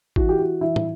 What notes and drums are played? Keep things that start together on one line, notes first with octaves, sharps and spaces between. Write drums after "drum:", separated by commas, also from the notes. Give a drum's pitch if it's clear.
E3 F#4, drum: kick
G4
F#4
E3 E4
drum: tom